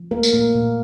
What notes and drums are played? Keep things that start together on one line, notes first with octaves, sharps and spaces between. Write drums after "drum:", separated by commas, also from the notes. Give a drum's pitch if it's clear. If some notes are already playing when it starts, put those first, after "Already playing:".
Already playing: F3
A3 A#3 A#4
drum: tambourine
A#2 A#3 A#4
A#2